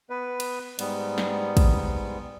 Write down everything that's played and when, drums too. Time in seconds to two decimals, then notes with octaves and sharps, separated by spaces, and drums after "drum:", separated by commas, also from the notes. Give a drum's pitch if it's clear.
0.10 B3 B4
0.40 drum: cymbal
0.79 G#2 G3 B3, drum: cymbal
1.18 drum: snare
1.57 drum: kick, cymbal